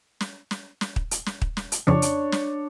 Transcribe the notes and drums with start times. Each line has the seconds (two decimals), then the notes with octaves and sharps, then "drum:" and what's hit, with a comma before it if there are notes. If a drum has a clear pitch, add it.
0.21 drum: snare
0.51 drum: snare
0.81 drum: snare
0.96 drum: kick
1.11 drum: hi-hat
1.26 drum: snare
1.42 drum: kick
1.57 drum: snare
1.72 drum: hi-hat
1.87 F2 C#3 F3 D4 C#5
2.02 drum: hi-hat
2.32 drum: snare